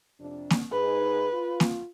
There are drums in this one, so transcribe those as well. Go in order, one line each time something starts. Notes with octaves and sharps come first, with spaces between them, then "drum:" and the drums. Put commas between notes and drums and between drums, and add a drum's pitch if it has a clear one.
F2 C3 D4
drum: snare A#3
G#2 D#4 G#4 B4
F4
drum: snare A#3